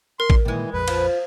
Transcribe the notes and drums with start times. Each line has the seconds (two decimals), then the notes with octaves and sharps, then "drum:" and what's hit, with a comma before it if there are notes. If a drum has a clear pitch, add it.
0.20 A#4 C6
0.30 drum: kick
0.45 A#2 D#3 E3 G3 G#3
0.74 A#1 F2 B4
0.88 F3, drum: cymbal